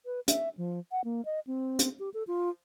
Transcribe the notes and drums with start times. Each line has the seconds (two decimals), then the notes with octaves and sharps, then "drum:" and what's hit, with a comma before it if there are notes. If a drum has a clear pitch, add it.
0.06 B4
0.28 E5, drum: hi-hat
0.57 F3
0.92 F#5
1.05 A#3
1.25 D#5
1.47 C4
1.79 drum: hi-hat
1.99 G4
2.14 A4
2.27 F4